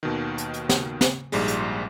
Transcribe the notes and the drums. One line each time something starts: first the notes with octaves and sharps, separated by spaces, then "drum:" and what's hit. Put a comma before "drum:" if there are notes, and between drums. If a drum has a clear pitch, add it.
D#2 B2 D#3
drum: hi-hat
drum: hi-hat
drum: snare
drum: snare
A#1 G#2 G3 G#3, drum: open hi-hat
drum: hi-hat